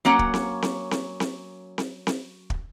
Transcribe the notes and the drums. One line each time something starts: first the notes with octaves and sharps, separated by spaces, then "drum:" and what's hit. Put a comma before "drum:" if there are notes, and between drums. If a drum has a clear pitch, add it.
F#3 A#3 C#4 F#5
drum: kick
drum: snare C4
drum: snare C4
drum: snare C4
drum: snare C4
drum: snare C4
drum: snare C4
drum: kick